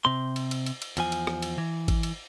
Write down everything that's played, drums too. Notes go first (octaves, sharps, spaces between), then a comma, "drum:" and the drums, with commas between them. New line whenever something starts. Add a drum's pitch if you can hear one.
C3 C4 C6
drum: cymbal
drum: cymbal
drum: cymbal
drum: cymbal
E2 F3 G#5, drum: cymbal
drum: cymbal
drum: rim click
drum: cymbal
E3
drum: kick G#1, cymbal
drum: cymbal